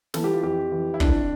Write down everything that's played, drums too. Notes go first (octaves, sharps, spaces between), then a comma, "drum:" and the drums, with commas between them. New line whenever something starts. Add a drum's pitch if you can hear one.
E3 A4, drum: snare
G4
F4
F2 G4
E3
E4
F2 D4, drum: kick